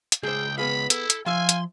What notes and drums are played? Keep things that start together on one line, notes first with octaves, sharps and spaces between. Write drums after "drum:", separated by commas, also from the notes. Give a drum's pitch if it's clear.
drum: hi-hat
C#2 G#4 C5 G5
B3 G#4 F5 B5
E4 A4, drum: hi-hat
drum: hi-hat
F3 E5 F5 G#5 C6
drum: hi-hat